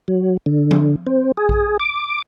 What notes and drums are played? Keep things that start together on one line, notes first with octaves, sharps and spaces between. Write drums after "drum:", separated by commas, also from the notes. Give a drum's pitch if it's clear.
F#3
D3
drum: tom F3
C4
G#4
drum: kick A#1
D6